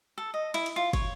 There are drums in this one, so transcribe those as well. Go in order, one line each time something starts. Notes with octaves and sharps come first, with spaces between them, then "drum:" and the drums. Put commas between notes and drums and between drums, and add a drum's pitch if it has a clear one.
A4
D#5
E4, drum: cymbal
drum: cymbal
F4
C#5, drum: kick, cymbal